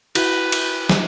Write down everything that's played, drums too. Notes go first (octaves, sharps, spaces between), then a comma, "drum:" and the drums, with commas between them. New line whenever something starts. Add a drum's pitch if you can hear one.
E4 F#4 B4, drum: cymbal
drum: cymbal
drum: snare